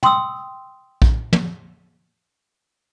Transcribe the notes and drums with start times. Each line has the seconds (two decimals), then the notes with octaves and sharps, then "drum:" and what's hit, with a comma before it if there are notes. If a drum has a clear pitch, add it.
0.03 G5 C6 D#6 E6, drum: tom
1.02 drum: kick A#1
1.33 drum: tom